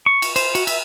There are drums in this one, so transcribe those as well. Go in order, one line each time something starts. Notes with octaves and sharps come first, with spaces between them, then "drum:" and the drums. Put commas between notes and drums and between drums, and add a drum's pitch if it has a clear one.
C#6
drum: cymbal
C5, drum: cymbal
F#4, drum: cymbal
E5, drum: cymbal